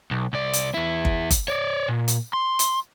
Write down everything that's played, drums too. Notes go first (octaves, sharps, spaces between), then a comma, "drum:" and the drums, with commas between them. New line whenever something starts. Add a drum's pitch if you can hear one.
B1
C2 D5
drum: hi-hat
E2 E4
drum: kick G1
drum: kick G1, hi-hat
C#5 D5
A#2
drum: hi-hat
C6
drum: hi-hat